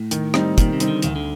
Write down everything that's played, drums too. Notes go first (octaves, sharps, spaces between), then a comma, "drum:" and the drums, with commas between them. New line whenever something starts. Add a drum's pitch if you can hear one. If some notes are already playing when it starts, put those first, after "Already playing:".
Already playing: A2
D#3, drum: hi-hat
G3 C4 D#4, drum: rim click
A#2 D#3, drum: kick, hi-hat
C3
G3 C4 D#4, drum: hi-hat
D3
D2 D#3, drum: hi-hat
D3